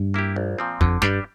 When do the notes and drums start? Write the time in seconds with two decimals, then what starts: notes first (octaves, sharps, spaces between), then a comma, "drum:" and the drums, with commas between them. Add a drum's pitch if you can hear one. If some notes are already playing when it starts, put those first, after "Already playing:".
Already playing: G2
0.14 A#3 E4 G4
0.36 A#1
0.58 A#2 F3 C4
0.81 F2 D3, drum: kick
1.02 G2 G3 D4 G4, drum: snare